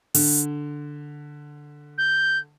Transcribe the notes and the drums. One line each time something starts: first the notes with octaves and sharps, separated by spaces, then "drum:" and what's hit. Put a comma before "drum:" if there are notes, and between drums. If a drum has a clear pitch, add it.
D3, drum: open hi-hat
G6